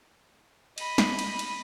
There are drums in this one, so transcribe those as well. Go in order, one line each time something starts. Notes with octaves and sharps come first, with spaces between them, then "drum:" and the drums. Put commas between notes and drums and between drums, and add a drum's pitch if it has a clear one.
D#5 B5, drum: cymbal
drum: snare
drum: cymbal
drum: cymbal